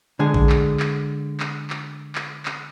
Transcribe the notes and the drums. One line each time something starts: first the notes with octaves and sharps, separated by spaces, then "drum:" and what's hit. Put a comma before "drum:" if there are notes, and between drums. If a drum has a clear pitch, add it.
D3 G#3 G#4
drum: kick A1
drum: clap
drum: clap
drum: clap
drum: clap
drum: clap
drum: clap